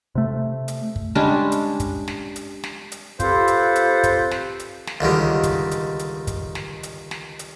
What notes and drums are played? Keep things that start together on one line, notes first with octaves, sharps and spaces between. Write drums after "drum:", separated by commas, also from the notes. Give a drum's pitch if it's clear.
C3 A3
drum: hi-hat
drum: kick
G3 G#3 C#4 D4
drum: hi-hat
drum: kick, hi-hat
drum: snare
drum: hi-hat
drum: snare
drum: hi-hat
C4 F4 G4 A4 B4 C5, drum: kick, hi-hat
drum: hi-hat
drum: hi-hat
drum: kick, hi-hat
drum: snare
drum: hi-hat
drum: snare
C#2 D3 D#3 G3
drum: kick, hi-hat
drum: hi-hat
drum: hi-hat
drum: kick, hi-hat
drum: snare
drum: hi-hat
drum: snare
drum: hi-hat